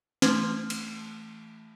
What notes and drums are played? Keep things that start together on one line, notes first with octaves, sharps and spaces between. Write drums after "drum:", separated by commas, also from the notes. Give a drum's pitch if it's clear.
E3 A3 C6 F6 G#6, drum: snare
drum: cymbal